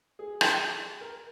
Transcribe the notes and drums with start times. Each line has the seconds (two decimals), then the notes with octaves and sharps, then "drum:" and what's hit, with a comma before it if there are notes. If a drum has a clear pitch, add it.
0.19 G#4
0.41 drum: rim click
1.01 A#4